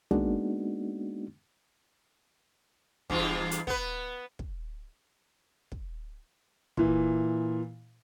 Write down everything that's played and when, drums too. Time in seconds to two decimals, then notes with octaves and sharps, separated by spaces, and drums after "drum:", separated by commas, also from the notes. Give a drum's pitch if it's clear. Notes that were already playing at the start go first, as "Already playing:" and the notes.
0.11 G#3 A#3 B3 D4 D#4 F#4, drum: tom
3.10 E2 G2 F4, drum: kick
3.51 drum: hi-hat
3.67 B3 B4, drum: kick
4.39 drum: kick
5.72 drum: kick
6.77 A#2 E3, drum: kick